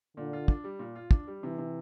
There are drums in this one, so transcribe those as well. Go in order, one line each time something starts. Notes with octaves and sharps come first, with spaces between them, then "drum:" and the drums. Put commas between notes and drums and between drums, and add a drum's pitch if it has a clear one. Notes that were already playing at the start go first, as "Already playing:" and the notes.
A#2 D3
F4
D4, drum: kick
G3
A#2
F4
D4, drum: kick
G3
C3 E3
C3